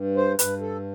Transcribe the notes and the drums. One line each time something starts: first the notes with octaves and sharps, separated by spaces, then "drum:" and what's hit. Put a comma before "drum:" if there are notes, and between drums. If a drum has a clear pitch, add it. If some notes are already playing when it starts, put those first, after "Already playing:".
Already playing: G2
C5
G2 B4, drum: hi-hat
A4